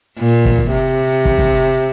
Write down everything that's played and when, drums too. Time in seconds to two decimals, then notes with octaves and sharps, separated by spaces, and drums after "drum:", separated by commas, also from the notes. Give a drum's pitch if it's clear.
0.19 A#2
0.45 drum: kick
0.59 drum: kick
0.72 C3
1.25 drum: kick
1.39 drum: kick